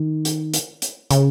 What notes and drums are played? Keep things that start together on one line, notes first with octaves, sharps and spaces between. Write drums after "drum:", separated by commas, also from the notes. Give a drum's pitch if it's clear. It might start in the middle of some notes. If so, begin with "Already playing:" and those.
Already playing: D#3
drum: hi-hat
drum: hi-hat
drum: hi-hat
C#3, drum: hi-hat